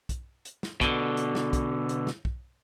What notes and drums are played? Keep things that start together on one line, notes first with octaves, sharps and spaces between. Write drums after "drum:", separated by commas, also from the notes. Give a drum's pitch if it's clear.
drum: kick, hi-hat
drum: hi-hat
drum: snare
B2 D3, drum: kick, hi-hat
drum: hi-hat
drum: snare
drum: kick, hi-hat
drum: hi-hat
drum: snare
drum: kick